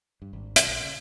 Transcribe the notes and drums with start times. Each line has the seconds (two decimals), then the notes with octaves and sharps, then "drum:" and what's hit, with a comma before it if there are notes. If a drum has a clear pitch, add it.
0.22 G2
0.33 G#1
0.56 C2, drum: hi-hat
0.69 A#1
0.84 C#3